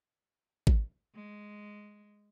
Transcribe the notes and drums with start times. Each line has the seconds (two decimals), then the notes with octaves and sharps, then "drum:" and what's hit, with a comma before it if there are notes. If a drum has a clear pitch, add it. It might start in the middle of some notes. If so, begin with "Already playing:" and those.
0.67 drum: kick G#1
1.14 G#3